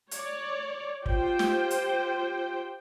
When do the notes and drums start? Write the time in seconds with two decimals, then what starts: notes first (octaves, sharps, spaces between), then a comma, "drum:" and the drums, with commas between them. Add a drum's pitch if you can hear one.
0.11 C#5 D5, drum: hi-hat
1.06 F4 G4 C5 G5, drum: kick
1.39 drum: snare
1.71 drum: hi-hat